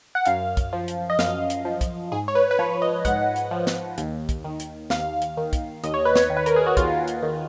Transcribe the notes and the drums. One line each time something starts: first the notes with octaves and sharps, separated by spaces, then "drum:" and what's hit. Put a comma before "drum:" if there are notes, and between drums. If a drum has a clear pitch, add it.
F#5
F#2 F5, drum: hi-hat
drum: kick, hi-hat
F3
drum: hi-hat
D#5
F#2 F5, drum: snare
drum: hi-hat
F3
drum: kick, hi-hat
G#2 G#4
C#5
B4
B4
F3 C#5
D#5
G#2 F#5, drum: kick, hi-hat
drum: hi-hat
F3
drum: snare
D#2, drum: hi-hat
drum: kick, hi-hat
D#3
drum: hi-hat
D#2 F5, drum: snare
drum: hi-hat
D#3
drum: kick, hi-hat
D#2 D#5, drum: hi-hat
C#5
B4
C#5, drum: snare
D#3
B4
A#4, drum: hi-hat
G#4
F#4
D#2 F4, drum: kick, hi-hat
drum: hi-hat
D#3